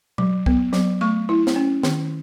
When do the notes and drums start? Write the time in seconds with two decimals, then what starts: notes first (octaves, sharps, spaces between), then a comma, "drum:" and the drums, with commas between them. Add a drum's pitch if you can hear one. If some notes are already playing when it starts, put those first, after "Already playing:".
0.18 F#3, drum: tom B2
0.46 B3, drum: kick
0.73 F#3, drum: snare
1.01 A3 C#6
1.29 E4
1.47 drum: snare
1.56 C#4
1.83 D#3, drum: snare